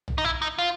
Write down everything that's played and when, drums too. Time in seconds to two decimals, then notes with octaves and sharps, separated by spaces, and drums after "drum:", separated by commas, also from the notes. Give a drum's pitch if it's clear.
0.08 drum: tom B1
0.18 D#4
0.24 E4
0.42 D#4
0.58 F4